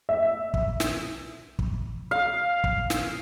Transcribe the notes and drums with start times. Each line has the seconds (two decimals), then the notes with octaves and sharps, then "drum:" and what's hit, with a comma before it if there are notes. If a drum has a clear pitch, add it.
0.09 E5
0.54 drum: kick
0.80 drum: snare
1.59 drum: kick
2.11 F5
2.64 drum: kick
2.90 drum: snare